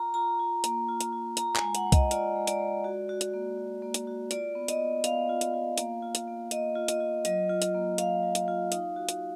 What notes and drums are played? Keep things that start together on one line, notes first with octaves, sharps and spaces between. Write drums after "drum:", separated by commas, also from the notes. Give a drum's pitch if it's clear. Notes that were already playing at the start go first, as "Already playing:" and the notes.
Already playing: F4 A#5
F4 A#5
F4
A#3, drum: hi-hat
F4
drum: hi-hat
F4
F4 A#5, drum: hi-hat
G#5, drum: clap
G#3
F#5, drum: hi-hat
G#3
D#5, drum: kick C2, hi-hat
F4 D5, drum: hi-hat
G#3
D5, drum: hi-hat
G#3
F#4
F#4
drum: hi-hat
A#3
F#4
A#3
drum: hi-hat
F#4
F4 D5, drum: hi-hat
B3
D#5, drum: hi-hat
B3
B3 F5, drum: hi-hat
F4
drum: hi-hat
F4
A#3, drum: hi-hat
F4
drum: hi-hat
A#3
A#3 D#5, drum: hi-hat
F4
D#5, drum: hi-hat
F4
F#3 D#5, drum: hi-hat
F4
drum: hi-hat
A#3
F4 F5, drum: hi-hat
F#3
drum: hi-hat
F4
D#4, drum: hi-hat
F#4
drum: hi-hat